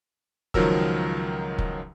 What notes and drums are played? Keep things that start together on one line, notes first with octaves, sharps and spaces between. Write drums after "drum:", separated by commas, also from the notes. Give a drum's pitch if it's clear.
C#2 D#3 F3 F#3 A#4 E6, drum: kick
drum: kick